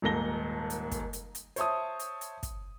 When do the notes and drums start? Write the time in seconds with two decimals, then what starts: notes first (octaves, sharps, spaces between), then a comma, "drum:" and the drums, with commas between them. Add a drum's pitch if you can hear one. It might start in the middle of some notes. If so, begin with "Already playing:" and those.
0.02 D#1 D#2 G#2 A4 A#6 G7
0.70 drum: hi-hat
0.91 drum: kick, hi-hat
1.13 drum: hi-hat
1.35 drum: hi-hat
1.56 C5 C#5 E5 A5 D#6, drum: hi-hat
1.99 drum: hi-hat
2.21 drum: hi-hat
2.43 drum: kick, hi-hat